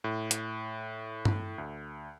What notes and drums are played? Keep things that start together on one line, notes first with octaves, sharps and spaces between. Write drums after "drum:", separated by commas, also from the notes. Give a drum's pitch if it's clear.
A2
drum: hi-hat
drum: tom G2
D2